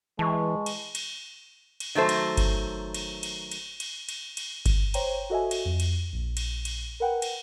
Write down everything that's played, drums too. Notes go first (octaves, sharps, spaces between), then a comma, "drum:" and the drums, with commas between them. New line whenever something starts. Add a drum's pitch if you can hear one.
E3 G#3 A5 C#6
drum: cymbal
drum: cymbal
drum: cymbal
D#3 F#3 A3 C5
drum: cymbal
drum: kick G1, cymbal
drum: cymbal
drum: cymbal
drum: cymbal
drum: cymbal
drum: cymbal
drum: cymbal
drum: kick G1, cymbal
C5 C#5 G5 A#5, drum: cymbal
F#4 A4 D#5 E5 G#5
drum: cymbal
F2
drum: cymbal
A#1
drum: cymbal
drum: cymbal
A#4 B4 F#5 G5
drum: cymbal